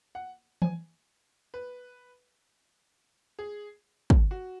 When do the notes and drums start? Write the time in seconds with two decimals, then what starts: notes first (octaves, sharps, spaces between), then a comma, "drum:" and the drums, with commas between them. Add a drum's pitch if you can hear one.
0.15 F#5
0.62 G#5, drum: tom E3
1.54 B4
3.39 G#4
4.10 drum: kick
4.31 F#4